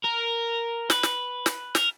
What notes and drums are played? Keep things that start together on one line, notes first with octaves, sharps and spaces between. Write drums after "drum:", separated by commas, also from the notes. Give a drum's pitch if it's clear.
A#4
B4, drum: snare
drum: snare
drum: snare
A#4, drum: snare